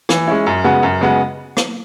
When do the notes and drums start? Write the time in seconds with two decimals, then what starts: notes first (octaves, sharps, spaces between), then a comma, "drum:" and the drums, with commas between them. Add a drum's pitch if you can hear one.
0.09 E3, drum: rim click
0.28 G#3 C#4 E4
0.46 F#2
0.64 C#3 G#3 B3 F#4
0.83 F#2
1.01 C#3 G#3 B3 F#4
1.57 drum: rim click